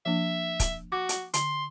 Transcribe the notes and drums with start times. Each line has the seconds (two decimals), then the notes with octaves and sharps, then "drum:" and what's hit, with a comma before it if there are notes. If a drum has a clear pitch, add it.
0.06 F3 A#3 D4 E5
0.60 drum: kick, hi-hat
0.92 F#4 D6
1.09 drum: hi-hat
1.34 D3 C6, drum: hi-hat